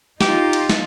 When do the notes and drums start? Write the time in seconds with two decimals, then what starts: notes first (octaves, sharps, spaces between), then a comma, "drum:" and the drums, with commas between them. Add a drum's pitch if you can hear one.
0.21 D#4 F4 G4, drum: snare
0.53 drum: cymbal
0.70 drum: snare